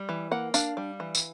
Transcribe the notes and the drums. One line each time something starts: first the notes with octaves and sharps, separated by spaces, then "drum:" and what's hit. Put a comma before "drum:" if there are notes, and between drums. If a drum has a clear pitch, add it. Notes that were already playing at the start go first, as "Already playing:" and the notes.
Already playing: G3
E3
A#3 F#5
D4 F5, drum: tambourine
G3
E3
drum: tambourine